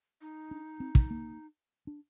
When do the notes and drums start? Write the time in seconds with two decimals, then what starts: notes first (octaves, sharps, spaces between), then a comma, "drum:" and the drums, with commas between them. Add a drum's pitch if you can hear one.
0.21 D#4
0.51 D4
0.80 C4
0.95 drum: kick
1.11 A#3
1.87 D4